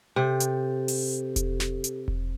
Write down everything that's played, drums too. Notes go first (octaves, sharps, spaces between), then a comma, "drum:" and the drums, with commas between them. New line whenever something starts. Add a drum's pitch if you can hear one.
C3 G4 A4
drum: hi-hat
drum: open hi-hat
drum: kick E1, hi-hat
drum: snare
drum: hi-hat
drum: kick E1